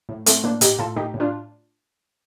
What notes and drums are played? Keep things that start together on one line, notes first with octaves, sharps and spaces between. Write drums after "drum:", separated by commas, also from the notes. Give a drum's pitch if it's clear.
A2
A2 A3 C4, drum: hi-hat
A2 A#3 D4
A2 D#4 G4, drum: hi-hat
A2 F4 A4
A2 D#4 G4
A2
D4 F4